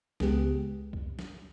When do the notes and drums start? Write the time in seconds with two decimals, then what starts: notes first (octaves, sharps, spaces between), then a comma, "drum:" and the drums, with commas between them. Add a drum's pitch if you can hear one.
0.20 C#2 C#3 G#3 B3 G4, drum: snare
0.93 drum: kick C2
1.19 drum: snare